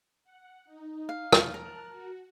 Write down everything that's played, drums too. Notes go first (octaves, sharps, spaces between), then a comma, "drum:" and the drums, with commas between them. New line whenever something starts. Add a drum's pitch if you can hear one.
F#5
D#4
F5
drum: rim click
A#4 A5 F6 F#6
F#4